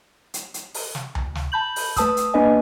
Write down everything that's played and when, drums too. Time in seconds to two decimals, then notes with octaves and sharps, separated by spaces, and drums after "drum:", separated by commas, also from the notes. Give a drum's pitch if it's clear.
0.34 drum: hi-hat
0.54 drum: hi-hat
0.74 drum: open hi-hat
0.95 drum: snare
1.15 drum: tom D2
1.35 drum: snare
1.52 A5 B5 G6 F#7
1.76 drum: open hi-hat
1.96 A3 B4 A5 D#6 E6, drum: kick, hi-hat
2.17 drum: hi-hat
2.33 A#3 B3 D4 B4 D#5 G#5